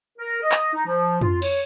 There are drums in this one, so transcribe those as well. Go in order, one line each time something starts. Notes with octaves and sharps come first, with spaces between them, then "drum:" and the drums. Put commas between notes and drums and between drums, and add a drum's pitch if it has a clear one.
A#4
D#5
drum: clap
D#4
F3
F4, drum: tom
C#5, drum: cymbal